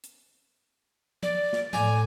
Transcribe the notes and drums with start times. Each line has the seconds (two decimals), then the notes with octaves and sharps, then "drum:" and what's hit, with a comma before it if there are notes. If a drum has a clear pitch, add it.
0.04 drum: hi-hat
1.23 D5, drum: tom F3
1.53 drum: snare
1.73 A2 D5 G#5 A#5, drum: tom F3